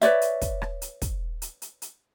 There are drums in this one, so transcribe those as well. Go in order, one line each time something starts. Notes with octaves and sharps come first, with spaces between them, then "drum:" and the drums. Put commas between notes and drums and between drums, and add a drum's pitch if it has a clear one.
B4 C#5 D5 E5, drum: hi-hat
drum: hi-hat
drum: kick, hi-hat
drum: rim click
drum: hi-hat
drum: kick, hi-hat
drum: hi-hat
drum: hi-hat
drum: hi-hat